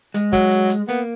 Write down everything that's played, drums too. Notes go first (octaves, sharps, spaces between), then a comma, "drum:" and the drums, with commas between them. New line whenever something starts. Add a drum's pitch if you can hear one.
G#3, drum: hi-hat
F#3, drum: kick, hi-hat
drum: hi-hat
drum: hi-hat
A#3 B3, drum: hi-hat